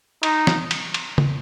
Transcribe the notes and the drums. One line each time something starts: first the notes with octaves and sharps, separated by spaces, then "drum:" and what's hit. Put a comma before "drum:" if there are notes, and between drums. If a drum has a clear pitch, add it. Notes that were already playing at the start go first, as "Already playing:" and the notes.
D#4, drum: cymbal
drum: snare
drum: cymbal
drum: cymbal
drum: tom